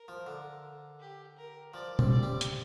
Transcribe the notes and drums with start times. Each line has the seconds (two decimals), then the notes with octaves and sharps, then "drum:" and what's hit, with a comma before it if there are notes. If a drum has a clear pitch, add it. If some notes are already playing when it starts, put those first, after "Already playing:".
Already playing: A#4
0.08 F3
0.27 D3
1.00 G4
1.37 A#4
1.73 F3 D5
1.99 G3 C4, drum: tom
2.11 D5
2.23 G3 C4
2.41 drum: hi-hat